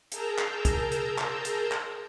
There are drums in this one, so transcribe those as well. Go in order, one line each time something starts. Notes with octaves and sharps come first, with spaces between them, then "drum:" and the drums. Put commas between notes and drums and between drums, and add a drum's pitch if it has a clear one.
G#4 A#4 A5 A#5 E6 G6, drum: hi-hat
drum: clap
drum: kick, hi-hat
drum: hi-hat
drum: clap
drum: hi-hat
drum: clap